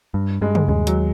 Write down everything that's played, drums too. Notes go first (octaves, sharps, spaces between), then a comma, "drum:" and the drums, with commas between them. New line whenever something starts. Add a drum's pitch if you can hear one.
G2
G2 G#3
drum: tom
D#2 G#3
F#3, drum: hi-hat